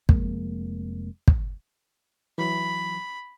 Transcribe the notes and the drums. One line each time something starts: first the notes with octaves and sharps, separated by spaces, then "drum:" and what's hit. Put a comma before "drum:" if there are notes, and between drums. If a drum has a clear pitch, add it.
F1 F2 G#3 A#3, drum: kick
drum: kick
E3 F#3 B5